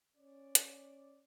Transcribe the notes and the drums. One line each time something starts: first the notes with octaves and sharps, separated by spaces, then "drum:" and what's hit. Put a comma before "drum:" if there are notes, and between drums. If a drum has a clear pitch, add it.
C#4 D5
drum: hi-hat